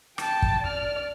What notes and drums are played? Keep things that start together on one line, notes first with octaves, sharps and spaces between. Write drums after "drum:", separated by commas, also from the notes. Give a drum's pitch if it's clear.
G5 A5, drum: rim click
drum: kick
D5 F6